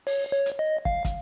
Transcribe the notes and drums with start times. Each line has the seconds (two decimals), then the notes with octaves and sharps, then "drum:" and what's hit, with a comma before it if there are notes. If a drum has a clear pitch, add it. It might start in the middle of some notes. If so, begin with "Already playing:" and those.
0.07 C#5, drum: open hi-hat
0.32 C#5
0.46 drum: hi-hat
0.59 D#5
0.85 F5, drum: kick
1.05 drum: kick, hi-hat